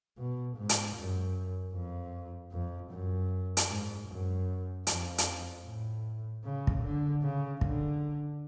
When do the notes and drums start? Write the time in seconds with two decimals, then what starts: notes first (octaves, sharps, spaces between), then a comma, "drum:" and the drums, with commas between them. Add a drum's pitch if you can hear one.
0.18 B2
0.56 G#2
0.69 drum: hi-hat
0.95 F#2
1.74 F2
2.52 F2
2.91 F#2
3.57 drum: hi-hat
3.69 G#2
4.08 F#2
4.87 F2, drum: hi-hat
5.18 drum: hi-hat
5.64 A2
6.44 C#3
6.67 drum: kick
6.82 D3
7.22 C#3
7.61 D3, drum: kick